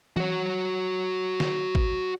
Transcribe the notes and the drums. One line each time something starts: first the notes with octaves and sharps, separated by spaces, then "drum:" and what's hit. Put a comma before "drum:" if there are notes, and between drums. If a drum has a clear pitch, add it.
F#4 C#5, drum: tom E3
drum: snare
drum: kick A1